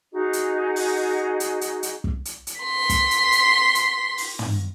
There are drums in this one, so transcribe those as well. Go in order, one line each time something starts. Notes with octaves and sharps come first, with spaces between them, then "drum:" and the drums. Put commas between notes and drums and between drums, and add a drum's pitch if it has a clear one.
D#4 F#4 G#4 D#5
drum: hi-hat
drum: open hi-hat
drum: hi-hat
drum: hi-hat
drum: hi-hat
drum: kick
drum: hi-hat
drum: hi-hat
C6 B6
drum: kick, hi-hat
drum: hi-hat
drum: hi-hat
drum: hi-hat
drum: open hi-hat
drum: tom